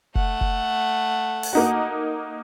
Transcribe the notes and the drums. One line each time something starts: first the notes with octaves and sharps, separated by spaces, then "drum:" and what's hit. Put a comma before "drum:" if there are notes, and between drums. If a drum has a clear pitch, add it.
A3 F#5, drum: kick F1
drum: kick F1
drum: open hi-hat
A#3 D#4 F#4